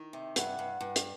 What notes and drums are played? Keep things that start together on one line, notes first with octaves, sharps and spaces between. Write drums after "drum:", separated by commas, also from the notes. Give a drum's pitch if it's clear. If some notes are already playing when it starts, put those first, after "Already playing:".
Already playing: D#3
C3
G2 F#5, drum: hi-hat
G2
G2
drum: hi-hat